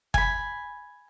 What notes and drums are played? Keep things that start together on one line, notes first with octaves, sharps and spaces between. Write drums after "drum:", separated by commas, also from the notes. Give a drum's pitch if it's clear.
G#5 B5, drum: kick